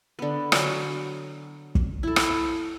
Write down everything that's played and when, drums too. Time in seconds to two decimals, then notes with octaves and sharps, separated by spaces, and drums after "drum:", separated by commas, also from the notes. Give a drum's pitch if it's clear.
0.19 D3 B3
0.52 D3 F#3 G#5, drum: rim click
1.75 drum: kick
2.03 E4 A4
2.16 drum: rim click